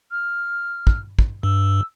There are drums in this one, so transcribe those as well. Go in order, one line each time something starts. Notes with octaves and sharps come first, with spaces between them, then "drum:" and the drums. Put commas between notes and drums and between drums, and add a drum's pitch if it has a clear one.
F6
drum: kick
drum: kick
G2 E6